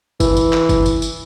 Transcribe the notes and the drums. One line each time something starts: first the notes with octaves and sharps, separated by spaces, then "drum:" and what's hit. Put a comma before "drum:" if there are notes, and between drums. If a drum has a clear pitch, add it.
E3, drum: kick G1, tambourine
drum: tambourine
drum: clap
drum: kick G1, tambourine
drum: tambourine
drum: tambourine